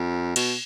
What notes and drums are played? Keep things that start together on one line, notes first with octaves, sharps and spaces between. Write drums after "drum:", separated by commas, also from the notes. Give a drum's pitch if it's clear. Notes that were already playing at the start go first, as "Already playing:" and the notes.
Already playing: F2
B2, drum: cymbal